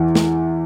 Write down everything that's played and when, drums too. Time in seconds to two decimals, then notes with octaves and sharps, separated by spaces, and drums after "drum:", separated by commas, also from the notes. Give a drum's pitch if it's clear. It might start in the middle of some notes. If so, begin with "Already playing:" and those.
Already playing: E2 E3
0.15 drum: snare